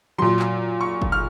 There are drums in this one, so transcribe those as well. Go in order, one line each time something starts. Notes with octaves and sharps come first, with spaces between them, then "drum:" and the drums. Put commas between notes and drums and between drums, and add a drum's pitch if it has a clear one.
A#2 F#3 C6
drum: clap
C#6
drum: kick
F6